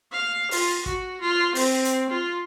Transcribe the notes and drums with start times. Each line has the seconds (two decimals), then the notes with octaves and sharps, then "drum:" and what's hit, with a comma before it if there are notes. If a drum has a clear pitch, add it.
0.12 F5
0.51 F4, drum: open hi-hat
0.86 F#4, drum: kick
1.21 F4
1.55 C4, drum: open hi-hat
1.85 drum: hi-hat
2.10 F4